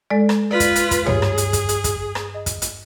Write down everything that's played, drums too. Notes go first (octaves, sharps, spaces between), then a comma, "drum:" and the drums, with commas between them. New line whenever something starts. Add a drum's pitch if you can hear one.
G#3 A4 D5
drum: rim click
F4 B4 D5
drum: kick, hi-hat
drum: hi-hat
drum: kick, hi-hat
G2 G#4 C#5, drum: tom
drum: rim click
drum: hi-hat
drum: kick, hi-hat
drum: hi-hat
drum: kick, hi-hat
drum: rim click
D#5
drum: kick, hi-hat
drum: hi-hat